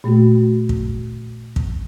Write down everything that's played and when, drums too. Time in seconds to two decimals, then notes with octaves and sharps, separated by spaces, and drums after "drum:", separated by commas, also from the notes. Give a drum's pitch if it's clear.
0.04 A#2 A3 A#3 F#4
0.69 drum: kick
1.56 drum: kick